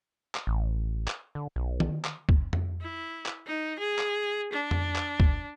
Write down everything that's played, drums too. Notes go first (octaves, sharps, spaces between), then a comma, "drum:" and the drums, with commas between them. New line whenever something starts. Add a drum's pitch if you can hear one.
drum: clap
A1
drum: clap
D3
B1
drum: tom D#3
drum: clap
drum: kick
drum: tom F2
E4
drum: clap
D#4
G#4
drum: clap
D4
drum: tom F2
drum: clap
drum: kick